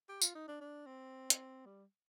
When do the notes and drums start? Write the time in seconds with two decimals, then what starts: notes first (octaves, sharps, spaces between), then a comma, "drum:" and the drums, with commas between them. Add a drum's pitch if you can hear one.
0.09 G4
0.22 F4, drum: tambourine
0.35 D#4
0.48 D4
0.61 D4
0.87 C4
1.30 drum: hi-hat
1.66 G3